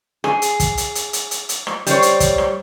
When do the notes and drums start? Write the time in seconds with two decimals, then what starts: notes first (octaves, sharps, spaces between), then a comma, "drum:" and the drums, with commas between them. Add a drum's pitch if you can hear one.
0.24 G#4, drum: rim click
0.42 drum: hi-hat
0.60 drum: kick, hi-hat
0.77 drum: hi-hat
0.95 drum: hi-hat
1.13 drum: hi-hat
1.31 drum: hi-hat
1.49 drum: hi-hat
1.67 drum: rim click
1.86 G3 C5 C#5, drum: hi-hat
2.02 drum: hi-hat
2.20 drum: kick, hi-hat
2.38 drum: rim click